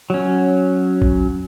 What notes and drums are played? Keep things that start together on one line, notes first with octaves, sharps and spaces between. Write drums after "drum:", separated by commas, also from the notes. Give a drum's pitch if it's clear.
F#3 C#4
drum: kick